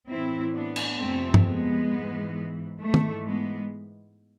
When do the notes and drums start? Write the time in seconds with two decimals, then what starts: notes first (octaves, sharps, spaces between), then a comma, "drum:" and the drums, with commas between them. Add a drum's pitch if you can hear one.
0.08 A2 E3 C4 E4
0.54 B3 D4
0.76 drum: cymbal
0.99 F2 C3 F3 A3 C4
1.34 drum: tom G2
1.44 G#3 B3
1.90 G#2 E3
2.80 G#2 E3 A3
2.94 drum: tom D#3
3.25 G#3 B3